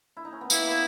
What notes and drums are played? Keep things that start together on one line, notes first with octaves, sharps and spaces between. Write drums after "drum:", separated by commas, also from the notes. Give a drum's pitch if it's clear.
E4
D#4
C#4
B3
A#3 E4, drum: tambourine
B3